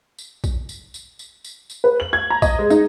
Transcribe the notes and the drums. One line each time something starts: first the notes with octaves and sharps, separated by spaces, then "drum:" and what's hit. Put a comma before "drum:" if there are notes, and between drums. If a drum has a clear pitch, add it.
drum: tambourine
drum: kick B1, tambourine
drum: tambourine
drum: tambourine
drum: tambourine
drum: tambourine
drum: tambourine
B4
F#7
G#6
A#5
D#5, drum: kick B1, tambourine
G#3
D#4, drum: tambourine